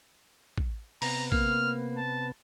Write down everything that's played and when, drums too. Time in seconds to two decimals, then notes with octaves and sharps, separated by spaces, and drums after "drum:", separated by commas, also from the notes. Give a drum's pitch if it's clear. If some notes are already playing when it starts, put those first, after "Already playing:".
0.58 drum: kick
1.02 C3 B3 A#5, drum: open hi-hat
1.32 A#3 F6, drum: kick
1.97 A5